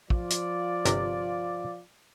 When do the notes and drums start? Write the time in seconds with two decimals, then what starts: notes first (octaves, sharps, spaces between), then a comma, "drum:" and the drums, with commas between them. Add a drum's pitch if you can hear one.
0.10 F3 F4 D5, drum: kick
0.30 drum: hi-hat
0.85 G1 C3 A#4, drum: hi-hat